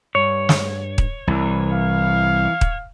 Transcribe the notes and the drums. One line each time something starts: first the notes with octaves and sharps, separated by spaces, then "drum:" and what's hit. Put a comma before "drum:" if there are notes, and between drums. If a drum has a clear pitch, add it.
G2 C#5
drum: snare
drum: kick D#1
C2 E3
F5
drum: kick D#1